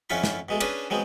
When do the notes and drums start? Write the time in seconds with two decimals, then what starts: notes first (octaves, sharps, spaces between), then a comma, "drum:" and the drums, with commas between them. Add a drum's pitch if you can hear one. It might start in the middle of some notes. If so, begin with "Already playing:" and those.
0.10 F2 C#4 E4 F4 F#5 B5
0.24 drum: snare
0.49 B2 G#3 A3
0.60 C#4 D4 G#4 B4, drum: cymbal
0.90 F#3 G#3 B3 C4